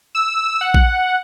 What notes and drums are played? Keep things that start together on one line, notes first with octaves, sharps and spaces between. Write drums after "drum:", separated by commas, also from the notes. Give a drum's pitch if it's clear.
E6
F#5
drum: kick A#1